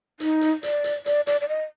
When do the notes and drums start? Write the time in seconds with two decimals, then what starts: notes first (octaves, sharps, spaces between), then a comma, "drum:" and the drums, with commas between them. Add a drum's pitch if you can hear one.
0.20 D#4, drum: hi-hat
0.41 drum: hi-hat
0.63 D5, drum: hi-hat
0.84 drum: hi-hat
1.06 D5, drum: hi-hat
1.27 D5, drum: hi-hat
1.41 D5
1.49 D#5